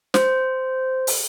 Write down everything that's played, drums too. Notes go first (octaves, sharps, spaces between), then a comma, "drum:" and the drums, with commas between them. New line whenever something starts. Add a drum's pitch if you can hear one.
C5, drum: snare
drum: open hi-hat